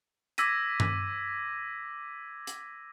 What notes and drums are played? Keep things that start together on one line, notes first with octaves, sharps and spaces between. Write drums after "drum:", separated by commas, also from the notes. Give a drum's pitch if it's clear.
D6 E6 G#6 A#6 B6 D#7, drum: hi-hat
drum: tom G2
drum: hi-hat